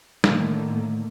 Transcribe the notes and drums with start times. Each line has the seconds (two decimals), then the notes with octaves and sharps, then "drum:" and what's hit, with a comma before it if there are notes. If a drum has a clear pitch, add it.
0.24 A2 D3 D#3 A3 A#3, drum: snare